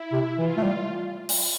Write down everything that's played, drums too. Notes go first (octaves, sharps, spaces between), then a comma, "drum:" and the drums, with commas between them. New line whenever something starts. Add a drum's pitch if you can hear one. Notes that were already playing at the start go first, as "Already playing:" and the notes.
Already playing: E4
C3
E3 F4
A3
G3
drum: open hi-hat